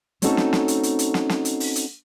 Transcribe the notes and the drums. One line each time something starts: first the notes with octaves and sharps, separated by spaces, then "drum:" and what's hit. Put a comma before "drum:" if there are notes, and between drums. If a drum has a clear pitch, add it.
A3 C4 C#4 D#4 F#4 A4, drum: hi-hat
drum: snare
drum: snare
drum: hi-hat
drum: hi-hat
drum: hi-hat
drum: snare
drum: snare
drum: hi-hat
drum: open hi-hat
drum: hi-hat